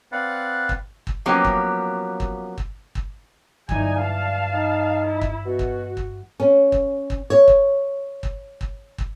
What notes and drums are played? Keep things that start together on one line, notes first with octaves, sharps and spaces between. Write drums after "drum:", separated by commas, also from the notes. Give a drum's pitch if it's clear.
C4 B4 D5 F5 F#5
drum: kick
drum: kick
F3 F#3 A#3 B3 C#4 G4
drum: kick
drum: kick
drum: kick
drum: kick
G2 E3 G3 D#4 G#5, drum: kick
F5 A5
D#4
E4
drum: kick
B2 F#4
drum: kick
drum: kick
C#4
drum: kick
drum: kick
C#5
drum: kick
drum: kick
drum: kick
drum: kick